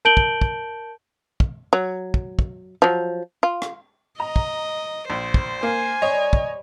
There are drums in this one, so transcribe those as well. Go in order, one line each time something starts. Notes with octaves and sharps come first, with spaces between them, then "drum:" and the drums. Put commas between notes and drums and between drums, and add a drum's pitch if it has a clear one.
A#4 A5 G6 D7 F#7 G7
drum: kick
drum: kick
drum: kick
F#3
drum: kick
drum: kick
F3 F#3
F4
drum: rim click
D#5 A#5
drum: kick
A#1 C5
drum: kick
A#3 G#5
G3 C#5 D#5
drum: kick